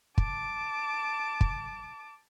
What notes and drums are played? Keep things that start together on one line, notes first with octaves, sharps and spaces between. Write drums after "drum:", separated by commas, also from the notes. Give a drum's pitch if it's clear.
A5 D6, drum: kick
drum: kick